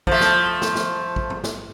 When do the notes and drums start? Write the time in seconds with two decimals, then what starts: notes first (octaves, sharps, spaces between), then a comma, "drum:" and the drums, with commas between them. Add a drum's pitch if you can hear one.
0.07 F3 A3, drum: kick
0.21 drum: snare
0.62 drum: snare
0.75 drum: snare
1.16 drum: kick
1.30 drum: tom
1.44 drum: snare